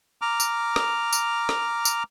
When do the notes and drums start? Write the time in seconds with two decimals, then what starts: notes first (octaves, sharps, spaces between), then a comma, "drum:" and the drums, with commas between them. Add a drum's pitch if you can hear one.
0.22 A#5 D6 F6
0.40 drum: tambourine
0.76 drum: rim click
1.13 drum: tambourine
1.49 drum: rim click
1.85 drum: tambourine